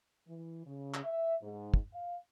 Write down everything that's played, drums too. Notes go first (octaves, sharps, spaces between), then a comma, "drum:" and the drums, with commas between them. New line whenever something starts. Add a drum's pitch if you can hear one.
E3
C#3
drum: clap
E5
G#2
drum: kick
F5